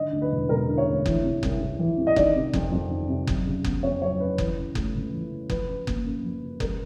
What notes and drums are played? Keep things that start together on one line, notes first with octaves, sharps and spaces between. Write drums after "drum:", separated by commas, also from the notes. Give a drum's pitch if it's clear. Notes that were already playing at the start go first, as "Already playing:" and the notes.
Already playing: G#2 D3 D#5
D2
B4
E1
E1 A#4
D3
C#5
D2
E3, drum: kick F#1
C3
C2, drum: kick F#1
C2
E3
C3
D#5
D#3 D5, drum: kick F#1
C3
F2, drum: kick F#1
F2
D#3
C3
F#3, drum: kick F#1
C#3
B3, drum: kick F#1
F2 C#5
F#3 C#5
C#3 B4
E3, drum: kick F#1
C#3
A3, drum: kick F#1
C#2
E3
C#3
F3 B4, drum: kick F#1
C#3
A#3, drum: kick F#1
F#2
F3
C#3
G#3 A#4, drum: kick F#1